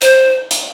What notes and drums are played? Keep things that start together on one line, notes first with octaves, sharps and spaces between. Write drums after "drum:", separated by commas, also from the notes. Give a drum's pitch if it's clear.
C5, drum: hi-hat
drum: hi-hat